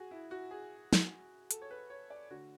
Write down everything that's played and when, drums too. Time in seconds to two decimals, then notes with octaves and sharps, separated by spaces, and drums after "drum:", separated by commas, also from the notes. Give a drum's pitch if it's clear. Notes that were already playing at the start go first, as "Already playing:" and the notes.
Already playing: F#4 G#4
0.11 E4
0.31 F#4
0.51 G#4
0.93 drum: snare
1.51 A4, drum: hi-hat
1.62 C#5
1.71 B4
1.90 C#5
2.10 D5
2.30 D3 A3 F#4